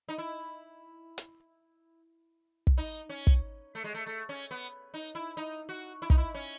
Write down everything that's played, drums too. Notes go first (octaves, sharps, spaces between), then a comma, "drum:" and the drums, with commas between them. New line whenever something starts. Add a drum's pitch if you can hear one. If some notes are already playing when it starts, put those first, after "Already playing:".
D#4
E4
drum: hi-hat
drum: kick
D#4
C#4
drum: kick
A3
G#3
A3
A3
C#4
B3
D#4
E4
D#4
F#4
E4
D#4, drum: kick
E4
C#4